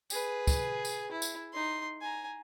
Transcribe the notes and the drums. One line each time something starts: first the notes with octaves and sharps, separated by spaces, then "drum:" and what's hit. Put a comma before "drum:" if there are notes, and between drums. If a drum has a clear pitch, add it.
G#4 B4, drum: tambourine
drum: kick, tambourine
drum: tambourine
E4
drum: tambourine
D#4 C6
G#5 A#5